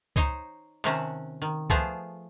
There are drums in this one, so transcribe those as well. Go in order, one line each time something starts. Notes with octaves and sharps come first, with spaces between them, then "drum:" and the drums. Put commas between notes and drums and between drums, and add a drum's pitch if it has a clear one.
D#4 C5 C#5 D#5, drum: kick C#2
C3 D#3 C4 C#4 F#5 A5, drum: clap
D#3
F3 A3 B3 F4 G#4 C5, drum: kick C#2